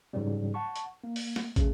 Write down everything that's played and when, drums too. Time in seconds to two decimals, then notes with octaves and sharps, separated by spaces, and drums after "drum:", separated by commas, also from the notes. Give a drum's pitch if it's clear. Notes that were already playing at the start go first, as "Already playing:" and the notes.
0.13 G#2 C#3 E3 F#3 G3
0.54 F#5 A5 C#6
0.76 drum: hi-hat
1.04 A#3
1.16 drum: open hi-hat
1.36 drum: snare
1.56 C#3 A3, drum: kick, hi-hat